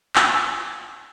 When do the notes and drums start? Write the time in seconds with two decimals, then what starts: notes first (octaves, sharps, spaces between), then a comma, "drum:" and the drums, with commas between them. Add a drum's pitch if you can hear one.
0.16 E6, drum: clap